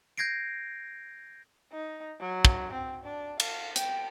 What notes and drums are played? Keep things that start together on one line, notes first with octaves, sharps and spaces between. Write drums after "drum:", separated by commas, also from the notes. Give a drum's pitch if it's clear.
G6 G#6 A#6 C7 D7
D#4
F#3
drum: kick
C4
D4
F5, drum: cymbal
G5, drum: hi-hat